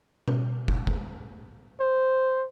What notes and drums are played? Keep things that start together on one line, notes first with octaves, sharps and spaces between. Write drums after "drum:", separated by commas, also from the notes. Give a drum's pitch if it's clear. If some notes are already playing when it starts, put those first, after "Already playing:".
drum: tom B2
drum: kick
drum: kick
C5